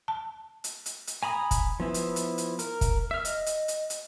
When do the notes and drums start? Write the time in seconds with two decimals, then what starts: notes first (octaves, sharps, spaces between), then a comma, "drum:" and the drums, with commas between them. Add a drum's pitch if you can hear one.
0.08 A5
0.64 drum: hi-hat
0.86 drum: hi-hat
1.07 drum: hi-hat
1.23 G#5 A#5 B5 D#6
1.51 drum: kick, hi-hat
1.80 F3 B3 E4
1.94 drum: hi-hat
2.16 drum: hi-hat
2.38 drum: hi-hat
2.59 A#4, drum: hi-hat
2.81 drum: kick, hi-hat
3.11 E5 F6
3.25 D#5, drum: hi-hat
3.46 drum: hi-hat
3.68 drum: hi-hat
3.90 drum: hi-hat